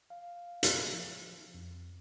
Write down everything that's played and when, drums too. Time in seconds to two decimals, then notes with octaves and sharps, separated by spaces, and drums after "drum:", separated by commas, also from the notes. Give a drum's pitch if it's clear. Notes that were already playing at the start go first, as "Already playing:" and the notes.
0.10 F5
0.63 drum: hi-hat
0.93 F3
1.54 F2